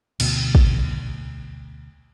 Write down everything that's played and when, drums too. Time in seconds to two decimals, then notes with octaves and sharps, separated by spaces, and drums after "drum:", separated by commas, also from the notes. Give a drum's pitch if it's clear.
0.20 D2 B2, drum: cymbal
0.55 drum: kick